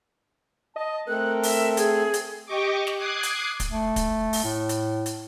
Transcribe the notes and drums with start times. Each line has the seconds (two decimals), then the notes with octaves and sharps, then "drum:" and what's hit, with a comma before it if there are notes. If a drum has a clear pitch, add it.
0.76 D#5 A5
1.08 A3 C4 A4 A#4 F#6
1.43 E5, drum: open hi-hat
1.77 G#4, drum: hi-hat
2.14 drum: hi-hat
2.46 G4 D#5 C#6 D6
2.87 drum: snare
2.96 D6 D#6 F#6 G#6 C7
3.23 drum: hi-hat
3.60 drum: kick, hi-hat
3.71 A3
3.96 drum: kick, hi-hat
4.33 drum: open hi-hat
4.44 A2
4.69 drum: hi-hat
5.06 drum: hi-hat